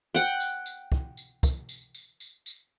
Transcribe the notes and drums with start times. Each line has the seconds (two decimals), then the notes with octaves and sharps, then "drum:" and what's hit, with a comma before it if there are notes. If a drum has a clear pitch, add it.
0.14 F#5 G5, drum: tambourine
0.40 drum: tambourine
0.66 drum: tambourine
0.92 drum: kick
1.17 drum: tambourine
1.43 drum: kick, tambourine
1.69 drum: tambourine
1.95 drum: tambourine
2.20 drum: tambourine
2.46 drum: tambourine